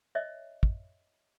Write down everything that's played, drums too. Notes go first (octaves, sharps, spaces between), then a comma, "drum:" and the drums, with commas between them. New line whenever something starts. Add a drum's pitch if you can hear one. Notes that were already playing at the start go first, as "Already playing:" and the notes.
C#5 D#5 E5
drum: kick